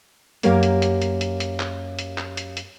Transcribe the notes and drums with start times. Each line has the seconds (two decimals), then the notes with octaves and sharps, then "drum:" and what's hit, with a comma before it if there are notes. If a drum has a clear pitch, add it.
0.43 F#2 A#3 G4 A#4 C#5 F5, drum: hi-hat
0.63 drum: hi-hat
0.82 drum: hi-hat
1.02 drum: hi-hat
1.21 drum: hi-hat
1.40 drum: hi-hat
1.60 drum: clap
1.99 drum: hi-hat
2.18 drum: clap
2.37 drum: hi-hat
2.57 drum: hi-hat